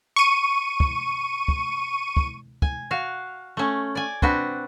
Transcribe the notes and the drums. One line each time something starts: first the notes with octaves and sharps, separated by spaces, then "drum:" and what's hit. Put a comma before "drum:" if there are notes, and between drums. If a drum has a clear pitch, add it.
C#6 D#7
drum: kick
drum: kick
drum: kick
G#5, drum: kick
F#4 F5
A3 C#4
D5 G#5
C4 D4 F#4 B4, drum: kick